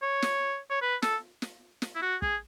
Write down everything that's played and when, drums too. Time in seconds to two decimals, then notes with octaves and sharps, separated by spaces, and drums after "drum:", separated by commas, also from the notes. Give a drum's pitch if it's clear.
0.02 C#5
0.22 drum: snare
0.70 C#5
0.82 B4
1.02 A4, drum: snare
1.42 drum: snare
1.82 drum: snare
1.96 E4
2.02 F#4
2.22 G#4, drum: kick